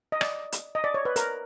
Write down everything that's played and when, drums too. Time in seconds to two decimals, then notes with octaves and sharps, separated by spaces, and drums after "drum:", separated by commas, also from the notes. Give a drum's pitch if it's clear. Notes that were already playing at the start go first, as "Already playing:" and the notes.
0.12 D#5
0.21 D5, drum: rim click
0.52 drum: hi-hat
0.75 D#5
0.84 D5
0.94 C#5
1.05 B4
1.16 A#4, drum: hi-hat